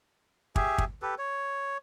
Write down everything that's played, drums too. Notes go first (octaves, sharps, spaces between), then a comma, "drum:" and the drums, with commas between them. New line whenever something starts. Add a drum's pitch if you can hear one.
G4 G#4 E5 G#5, drum: kick
drum: kick
G4 A4 B4
C#5